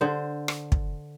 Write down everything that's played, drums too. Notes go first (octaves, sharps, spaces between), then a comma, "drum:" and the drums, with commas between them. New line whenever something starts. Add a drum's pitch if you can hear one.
D3 C5
drum: rim click
drum: kick